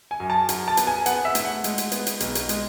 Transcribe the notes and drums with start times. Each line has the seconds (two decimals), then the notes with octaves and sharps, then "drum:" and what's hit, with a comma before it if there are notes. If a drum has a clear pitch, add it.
0.11 G#5
0.20 F#2
0.30 A5
0.49 F#2, drum: hi-hat
0.68 A5
0.77 B3, drum: hi-hat
0.87 G#5
1.06 B3 F#5, drum: hi-hat
1.25 E5
1.35 A2, drum: hi-hat
1.45 F#5
1.64 G#3, drum: hi-hat
1.78 drum: hi-hat
1.92 B3, drum: hi-hat
2.07 drum: hi-hat
2.20 B1, drum: hi-hat
2.35 drum: hi-hat
2.49 G#3, drum: hi-hat